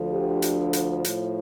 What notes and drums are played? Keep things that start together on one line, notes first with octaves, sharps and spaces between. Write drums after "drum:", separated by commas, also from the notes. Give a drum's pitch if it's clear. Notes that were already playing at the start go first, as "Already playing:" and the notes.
Already playing: D2 D3 F3
G4
drum: hi-hat
drum: hi-hat
A2 F3, drum: hi-hat